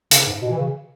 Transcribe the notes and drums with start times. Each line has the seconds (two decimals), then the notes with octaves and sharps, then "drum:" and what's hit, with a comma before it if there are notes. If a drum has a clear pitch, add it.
0.11 C#3, drum: hi-hat
0.27 G#2
0.42 B2
0.50 E3
0.58 C#3